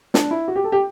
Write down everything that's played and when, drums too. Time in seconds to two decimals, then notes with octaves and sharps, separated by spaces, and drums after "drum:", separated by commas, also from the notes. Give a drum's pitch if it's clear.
0.14 D4, drum: snare
0.31 E4
0.48 F#4
0.56 G4
0.64 A4
0.72 G4